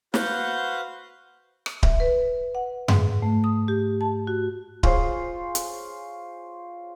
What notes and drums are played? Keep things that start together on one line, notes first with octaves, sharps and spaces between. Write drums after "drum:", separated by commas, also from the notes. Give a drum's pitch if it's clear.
F#4 B4 C5 F5 F#5 G6, drum: snare
drum: rim click
E5, drum: kick D1
B4
F#5
G#2, drum: tom F#2
A3
D#6
G4
A5
F#4
F4 G#4 C5 C#5, drum: kick D1
drum: hi-hat